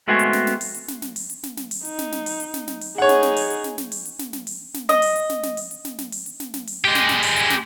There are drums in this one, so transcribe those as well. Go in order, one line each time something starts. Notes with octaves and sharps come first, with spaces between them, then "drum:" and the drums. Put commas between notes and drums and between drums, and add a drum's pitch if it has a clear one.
G#3 A3 B3 C4 F#4 G#4
drum: hi-hat
drum: snare
drum: snare
drum: open hi-hat
drum: hi-hat
drum: snare
drum: snare
drum: open hi-hat
drum: hi-hat
drum: snare
drum: snare
drum: open hi-hat
D#4, drum: hi-hat
drum: snare
drum: snare
drum: open hi-hat
drum: hi-hat
drum: snare
drum: snare
drum: open hi-hat
D#4 G#4 C#5 F#5
drum: snare
drum: snare
drum: open hi-hat
drum: hi-hat
drum: snare
drum: snare
drum: open hi-hat
drum: hi-hat
drum: snare
drum: snare
drum: open hi-hat
drum: snare
D#5, drum: snare
drum: open hi-hat
drum: hi-hat
drum: snare
drum: snare
drum: open hi-hat
drum: hi-hat
drum: snare
drum: snare
drum: open hi-hat
drum: hi-hat
drum: snare
drum: snare
drum: open hi-hat
G#3 G4
drum: snare
drum: snare
drum: open hi-hat
drum: hi-hat
drum: snare